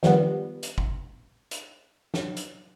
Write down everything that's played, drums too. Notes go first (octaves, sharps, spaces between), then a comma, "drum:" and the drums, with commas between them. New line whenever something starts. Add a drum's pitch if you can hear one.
D#3 F3 G3 B3, drum: snare
drum: hi-hat
drum: kick
drum: hi-hat
drum: snare
drum: hi-hat